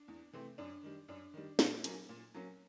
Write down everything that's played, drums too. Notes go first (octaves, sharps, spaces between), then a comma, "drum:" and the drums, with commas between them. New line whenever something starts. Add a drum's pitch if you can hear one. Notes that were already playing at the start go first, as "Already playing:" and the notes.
Already playing: D4
E2
C3 E3 A3 C4
F#2 D4
D#3 G3
F#2 D4
D#3 G3
A#2, drum: snare
F#3 A#3 C#4, drum: hi-hat
A#2
F#3 A#3 C#4